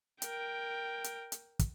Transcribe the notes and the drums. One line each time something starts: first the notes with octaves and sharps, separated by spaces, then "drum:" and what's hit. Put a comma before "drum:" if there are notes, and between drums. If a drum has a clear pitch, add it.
A#4 G5, drum: hi-hat
drum: hi-hat
drum: hi-hat
drum: kick, hi-hat